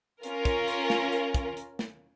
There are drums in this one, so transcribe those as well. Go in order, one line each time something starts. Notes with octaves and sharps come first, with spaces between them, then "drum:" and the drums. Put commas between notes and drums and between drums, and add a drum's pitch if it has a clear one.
C#4 F4 A#4, drum: hi-hat
drum: kick, hi-hat
drum: hi-hat
drum: snare
drum: hi-hat
drum: kick, hi-hat
drum: hi-hat
drum: snare